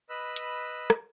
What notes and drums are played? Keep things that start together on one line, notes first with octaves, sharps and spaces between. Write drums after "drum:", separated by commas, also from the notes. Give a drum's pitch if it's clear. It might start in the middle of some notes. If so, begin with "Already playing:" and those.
B4 D#5 B5 E6 F#6
drum: hi-hat
drum: rim click